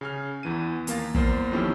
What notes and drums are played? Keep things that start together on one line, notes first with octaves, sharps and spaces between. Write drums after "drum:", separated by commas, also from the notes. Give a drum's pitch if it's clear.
C#3 G#5 F6
E2 E3 D#7
D#2 A#3 F5 A6, drum: hi-hat
E2 A#3 C5, drum: kick
D#3 F3 C#4 E4 G4 A4